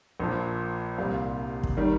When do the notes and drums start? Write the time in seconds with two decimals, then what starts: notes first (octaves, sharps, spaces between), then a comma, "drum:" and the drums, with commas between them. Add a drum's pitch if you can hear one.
0.20 A#1 A#2 F3
0.98 C2 A#2 G3 F5
1.63 drum: kick
1.77 D#3 G3